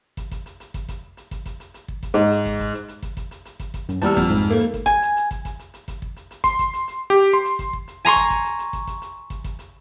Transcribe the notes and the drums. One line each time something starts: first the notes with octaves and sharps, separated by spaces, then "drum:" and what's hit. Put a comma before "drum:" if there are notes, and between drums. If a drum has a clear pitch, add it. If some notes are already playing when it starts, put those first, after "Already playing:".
drum: kick, hi-hat
drum: kick, hi-hat
drum: hi-hat
drum: hi-hat
drum: kick, hi-hat
drum: kick, hi-hat
drum: hi-hat
drum: kick, hi-hat
drum: kick, hi-hat
drum: hi-hat
drum: hi-hat
drum: kick
drum: kick, hi-hat
G#2, drum: hi-hat
drum: hi-hat
drum: kick, hi-hat
drum: kick, hi-hat
drum: hi-hat
drum: hi-hat
drum: kick, hi-hat
drum: kick, hi-hat
drum: hi-hat
drum: hi-hat
drum: kick, hi-hat
drum: kick, hi-hat
F#2, drum: hi-hat
E2 G3 A5 E6 F6, drum: hi-hat
F2, drum: kick, hi-hat
G#2, drum: kick, hi-hat
A3 A#3
drum: hi-hat
drum: kick, hi-hat
G#5, drum: kick, hi-hat
drum: hi-hat
drum: hi-hat
drum: kick, hi-hat
drum: kick, hi-hat
drum: hi-hat
drum: hi-hat
drum: kick, hi-hat
drum: kick
drum: hi-hat
drum: hi-hat
C6, drum: kick, hi-hat
drum: kick, hi-hat
drum: hi-hat
drum: hi-hat
G4
C6
drum: hi-hat
drum: kick, hi-hat
drum: kick
drum: hi-hat
G#5 A#5 C6 C#6, drum: hi-hat
drum: kick, hi-hat
drum: kick, hi-hat
drum: hi-hat
drum: hi-hat
drum: kick, hi-hat
drum: kick, hi-hat
drum: hi-hat
drum: kick, hi-hat
drum: kick, hi-hat
drum: hi-hat